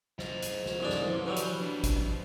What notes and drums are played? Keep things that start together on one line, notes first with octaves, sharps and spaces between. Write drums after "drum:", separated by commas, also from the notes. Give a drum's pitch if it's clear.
C5 D#5, drum: snare
drum: hi-hat
drum: snare
C2 G#3 D4
drum: snare
A1 F3
E3 F#3 G3
drum: hi-hat
D4 C#5
drum: kick G#1, hi-hat
F3